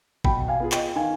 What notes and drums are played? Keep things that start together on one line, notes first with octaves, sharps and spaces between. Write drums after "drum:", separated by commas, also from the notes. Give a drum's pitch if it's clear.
B2 G5 B5, drum: kick G#1
F5 G#5
B3 F4 G#4
D#5 G5, drum: clap
D#3 F5 G#5